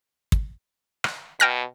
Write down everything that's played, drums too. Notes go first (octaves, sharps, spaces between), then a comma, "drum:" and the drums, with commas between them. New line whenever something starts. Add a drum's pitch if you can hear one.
drum: kick
drum: rim click
B2 G5 F6 A#6